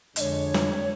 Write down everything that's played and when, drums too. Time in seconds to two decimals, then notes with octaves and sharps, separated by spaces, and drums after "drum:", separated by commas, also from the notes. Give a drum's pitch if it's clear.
0.16 F2 D3 G#3 D4 C#5 D#5, drum: hi-hat
0.54 drum: snare